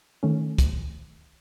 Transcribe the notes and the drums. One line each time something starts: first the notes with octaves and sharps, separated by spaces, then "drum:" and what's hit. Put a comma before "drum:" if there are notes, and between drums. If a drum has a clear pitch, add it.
D#3 A3 C#4
drum: kick, hi-hat